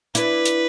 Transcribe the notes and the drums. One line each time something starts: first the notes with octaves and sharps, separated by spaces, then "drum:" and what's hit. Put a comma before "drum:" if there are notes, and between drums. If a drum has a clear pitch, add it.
D4 E4 B4, drum: hi-hat
drum: hi-hat